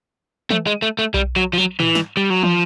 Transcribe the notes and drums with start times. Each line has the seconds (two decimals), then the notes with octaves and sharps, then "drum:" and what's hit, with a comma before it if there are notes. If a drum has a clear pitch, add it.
0.51 A3, drum: tom
0.67 G#3
0.82 A3
0.99 A3
1.14 G3, drum: kick B1
1.36 F#3
1.53 F3
1.58 F#3
1.80 E3, drum: tom
1.95 drum: snare
2.17 G3
2.30 F#3
2.43 F3, drum: tom